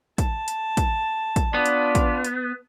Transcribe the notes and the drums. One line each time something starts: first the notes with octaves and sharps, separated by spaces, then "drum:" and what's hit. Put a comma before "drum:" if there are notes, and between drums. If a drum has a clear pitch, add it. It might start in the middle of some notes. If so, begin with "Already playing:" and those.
A5, drum: kick, hi-hat
drum: hi-hat
drum: kick, hi-hat
drum: kick, hi-hat
B3 D4 F4 D5
drum: hi-hat
drum: kick, hi-hat
drum: hi-hat